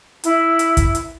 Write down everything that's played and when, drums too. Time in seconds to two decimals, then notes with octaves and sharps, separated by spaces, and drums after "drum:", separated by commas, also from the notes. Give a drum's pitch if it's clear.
0.24 E4, drum: hi-hat
0.59 drum: hi-hat
0.77 drum: kick, hi-hat
0.95 drum: hi-hat